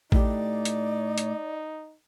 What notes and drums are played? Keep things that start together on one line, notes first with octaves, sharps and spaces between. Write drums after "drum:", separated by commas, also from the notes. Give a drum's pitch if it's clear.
A2 A3 D#4 G4 D5, drum: kick A1
drum: hi-hat
drum: hi-hat